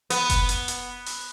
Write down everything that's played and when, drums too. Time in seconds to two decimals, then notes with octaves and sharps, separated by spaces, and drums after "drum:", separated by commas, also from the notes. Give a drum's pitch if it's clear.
0.10 B3, drum: hi-hat
0.30 drum: kick F#1, hi-hat
0.49 drum: hi-hat
0.68 drum: hi-hat
1.06 drum: open hi-hat